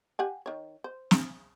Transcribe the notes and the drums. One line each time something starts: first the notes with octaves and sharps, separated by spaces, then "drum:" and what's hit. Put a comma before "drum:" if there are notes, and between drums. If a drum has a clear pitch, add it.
G4 F#5 G#5
D#3 C#5
C5
drum: snare